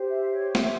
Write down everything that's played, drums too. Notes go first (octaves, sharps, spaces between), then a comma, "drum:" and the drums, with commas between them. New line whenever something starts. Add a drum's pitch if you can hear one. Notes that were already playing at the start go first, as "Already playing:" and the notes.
Already playing: G4 C5
E5
C#5
E5, drum: snare